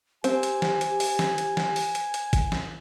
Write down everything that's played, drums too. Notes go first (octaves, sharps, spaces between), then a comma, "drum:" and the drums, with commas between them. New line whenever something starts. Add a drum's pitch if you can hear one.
C4 G4 G#5, drum: hi-hat
drum: hi-hat
drum: snare
drum: hi-hat
drum: open hi-hat
drum: snare
drum: hi-hat
drum: snare
drum: open hi-hat
drum: hi-hat
drum: hi-hat
drum: kick, hi-hat
drum: snare